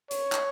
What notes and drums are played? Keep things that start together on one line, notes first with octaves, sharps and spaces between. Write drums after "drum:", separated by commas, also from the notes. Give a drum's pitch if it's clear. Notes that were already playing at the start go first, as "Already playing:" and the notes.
C#5, drum: hi-hat
drum: clap